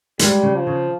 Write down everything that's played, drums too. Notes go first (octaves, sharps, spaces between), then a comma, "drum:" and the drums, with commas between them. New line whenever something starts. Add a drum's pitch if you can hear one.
G3 G#3, drum: hi-hat
C#3
F3
C#3